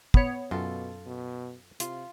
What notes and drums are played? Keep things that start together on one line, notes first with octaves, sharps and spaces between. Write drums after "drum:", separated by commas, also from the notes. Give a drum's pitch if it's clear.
B3 C#5, drum: kick
F#2 B2 F4 A4
B2
C3 F4, drum: hi-hat